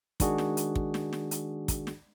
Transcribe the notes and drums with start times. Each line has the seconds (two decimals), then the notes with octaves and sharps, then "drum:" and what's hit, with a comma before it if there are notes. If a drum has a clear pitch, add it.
0.20 D#3 G#3 D4 F#4 G#4, drum: kick, hi-hat
0.38 drum: snare
0.57 drum: hi-hat
0.75 drum: kick
0.94 drum: snare
1.13 drum: snare
1.31 drum: hi-hat
1.68 drum: kick, hi-hat
1.87 drum: snare